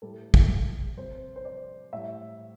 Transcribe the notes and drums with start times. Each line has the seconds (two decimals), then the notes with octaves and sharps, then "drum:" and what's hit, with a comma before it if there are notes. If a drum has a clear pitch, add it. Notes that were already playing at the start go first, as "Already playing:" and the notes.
0.02 A2 G3 A4
0.34 drum: kick
0.97 C3 G3 C5
1.36 C5
1.45 D5
1.93 A2 G3 E5